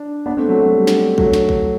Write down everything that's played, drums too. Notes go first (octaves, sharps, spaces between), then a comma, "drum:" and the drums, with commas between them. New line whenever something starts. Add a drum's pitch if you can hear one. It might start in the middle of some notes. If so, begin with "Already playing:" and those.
Already playing: D4
B3 D4
A3 C4
F#3 A3
F#3
G3
drum: snare
F#3 A3, drum: kick A#1
drum: snare
drum: kick A#1